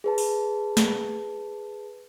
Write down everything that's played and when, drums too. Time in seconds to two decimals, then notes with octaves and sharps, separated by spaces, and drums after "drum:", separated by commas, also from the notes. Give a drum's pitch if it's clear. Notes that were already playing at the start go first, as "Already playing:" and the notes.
0.04 G#4 B4 A5
0.18 drum: open hi-hat
0.77 drum: snare